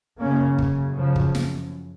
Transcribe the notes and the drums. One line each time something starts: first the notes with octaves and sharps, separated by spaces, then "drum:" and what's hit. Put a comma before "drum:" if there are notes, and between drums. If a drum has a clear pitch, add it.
F#2 C#3 A#3 C#4
drum: kick
C#3 F3
drum: kick
drum: snare